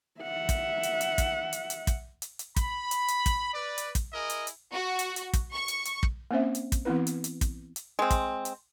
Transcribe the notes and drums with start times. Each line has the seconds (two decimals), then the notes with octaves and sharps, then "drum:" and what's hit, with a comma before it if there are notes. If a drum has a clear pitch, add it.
0.21 E5 F#5
0.49 drum: kick, hi-hat
0.83 drum: hi-hat
1.01 drum: hi-hat
1.18 drum: kick, hi-hat
1.53 drum: hi-hat
1.70 drum: hi-hat
1.87 drum: kick, hi-hat
2.22 drum: hi-hat
2.39 drum: hi-hat
2.56 B5, drum: kick, hi-hat
2.91 drum: hi-hat
3.08 drum: hi-hat
3.26 drum: kick, hi-hat
3.54 B4 D5
3.78 drum: hi-hat
3.95 drum: kick, hi-hat
4.12 E4 G#4 A#4 D#5
4.30 drum: hi-hat
4.47 drum: hi-hat
4.72 F#4
4.99 drum: hi-hat
5.16 drum: hi-hat
5.33 drum: kick, hi-hat
5.53 C#6
5.68 drum: hi-hat
5.85 drum: hi-hat
6.03 drum: kick
6.31 A#3 C4 C#4 C5 E5
6.55 drum: hi-hat
6.72 drum: kick, hi-hat
6.85 E3 B3 C4 E4 B4
7.07 drum: hi-hat
7.24 drum: hi-hat
7.41 drum: kick, hi-hat
7.76 drum: hi-hat
7.99 G#3 C4
8.10 drum: kick, hi-hat
8.45 drum: hi-hat